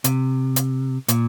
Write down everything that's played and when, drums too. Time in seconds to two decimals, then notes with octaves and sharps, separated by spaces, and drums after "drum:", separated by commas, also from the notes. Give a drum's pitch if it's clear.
0.04 C3, drum: hi-hat
0.56 drum: hi-hat
1.08 A#2, drum: hi-hat